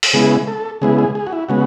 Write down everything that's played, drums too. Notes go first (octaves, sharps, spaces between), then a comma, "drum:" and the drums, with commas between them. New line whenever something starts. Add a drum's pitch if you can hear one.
drum: open hi-hat
C#3 G#3 B3 E4 G#4
A4
C#3 G#3 B3 E4 G#4
G#4
G#4
F#4
E4
C#3 G#3 B3 F#4